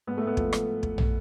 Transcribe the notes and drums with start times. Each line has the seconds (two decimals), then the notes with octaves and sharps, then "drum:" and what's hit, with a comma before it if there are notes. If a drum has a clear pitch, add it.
0.07 G#2 B3
0.17 A3
0.23 G#2 B3
0.37 F3, drum: kick
0.53 drum: rim click
0.83 drum: kick
0.98 drum: tom